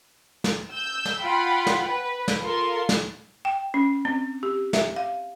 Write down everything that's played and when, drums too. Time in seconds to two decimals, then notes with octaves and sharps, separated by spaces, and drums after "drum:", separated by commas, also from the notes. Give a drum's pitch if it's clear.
0.44 drum: snare
0.70 E6 G6
1.05 drum: snare
1.23 F4 F#5 G5 B5
1.67 drum: snare
1.87 B4
2.28 drum: snare
2.40 F4 A4 A#4 C6
2.89 drum: snare
3.45 G5
3.74 C#4
4.05 C4
4.43 G4
4.73 E5, drum: snare
4.96 F5